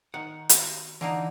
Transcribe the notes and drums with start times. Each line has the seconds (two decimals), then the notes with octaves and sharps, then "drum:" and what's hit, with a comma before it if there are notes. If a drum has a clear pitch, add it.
0.14 D#3 F#5
0.49 F#4, drum: hi-hat
1.01 D3 E3 A#3 D#4